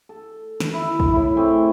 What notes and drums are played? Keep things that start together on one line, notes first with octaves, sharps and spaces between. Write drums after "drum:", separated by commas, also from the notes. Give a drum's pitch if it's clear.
A4
drum: snare
E4
drum: kick
A2 E4
C4 G#4 C#5